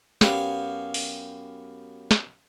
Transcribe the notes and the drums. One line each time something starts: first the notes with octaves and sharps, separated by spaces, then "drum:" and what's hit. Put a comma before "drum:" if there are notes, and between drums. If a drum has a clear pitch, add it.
F#2 B3 G4 F5 G#5, drum: snare
drum: open hi-hat
drum: snare